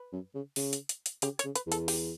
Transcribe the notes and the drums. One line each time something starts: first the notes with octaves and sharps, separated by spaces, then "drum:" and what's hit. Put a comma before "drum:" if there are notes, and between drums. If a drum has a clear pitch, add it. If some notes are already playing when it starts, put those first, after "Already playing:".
Already playing: B4
F#2
C#3
C#3, drum: open hi-hat
drum: hi-hat
drum: hi-hat
drum: hi-hat
C#3 G4, drum: hi-hat
C#5, drum: hi-hat
C#3
B4, drum: hi-hat
E2
A4, drum: hi-hat
G4, drum: open hi-hat